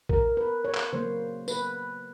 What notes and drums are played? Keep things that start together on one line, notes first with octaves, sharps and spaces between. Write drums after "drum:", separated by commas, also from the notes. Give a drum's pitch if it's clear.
A#4, drum: kick
B4
C#5
drum: clap
C#3 F#3 A#3 C5
B4, drum: tambourine